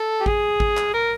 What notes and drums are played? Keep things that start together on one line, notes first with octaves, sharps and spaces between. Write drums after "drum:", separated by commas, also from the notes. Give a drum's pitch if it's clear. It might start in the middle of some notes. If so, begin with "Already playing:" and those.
Already playing: A4
G4
G#4, drum: kick
drum: kick
drum: clap
A#4